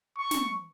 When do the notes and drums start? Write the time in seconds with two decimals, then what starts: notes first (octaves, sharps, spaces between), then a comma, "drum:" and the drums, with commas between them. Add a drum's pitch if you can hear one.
0.18 C#6
0.31 drum: snare